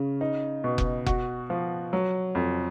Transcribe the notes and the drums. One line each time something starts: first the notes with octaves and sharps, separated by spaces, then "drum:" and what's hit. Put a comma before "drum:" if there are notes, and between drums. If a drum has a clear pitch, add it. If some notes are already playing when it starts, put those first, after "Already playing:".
Already playing: C#3
D#4
B2
drum: kick F1
F#4, drum: kick F1
F3
F#3
F2